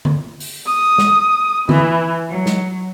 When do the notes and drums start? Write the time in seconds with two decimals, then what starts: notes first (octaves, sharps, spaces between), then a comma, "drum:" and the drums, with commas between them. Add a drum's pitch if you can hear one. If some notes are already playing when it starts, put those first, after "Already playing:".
0.05 drum: tom D3
0.40 drum: open hi-hat
0.65 D#6
0.98 drum: snare
1.69 E3, drum: tom D3
2.28 F#3
2.46 drum: snare